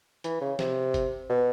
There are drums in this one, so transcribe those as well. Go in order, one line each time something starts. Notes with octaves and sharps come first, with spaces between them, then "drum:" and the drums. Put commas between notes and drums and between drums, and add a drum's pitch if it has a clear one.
E3, drum: hi-hat
C#3
C3, drum: snare
drum: kick F#1, hi-hat
B2